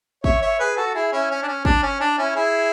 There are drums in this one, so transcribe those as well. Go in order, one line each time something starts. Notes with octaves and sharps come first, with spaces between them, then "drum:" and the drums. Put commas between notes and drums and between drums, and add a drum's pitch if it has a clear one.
C#5 E5, drum: kick
C#5 E5
G#4 B4
F#4 A4
E4 G#4
C#4 E4
C#4
D4
C#4
D4, drum: kick
C#4
D4
C#4 E4
E4 G#4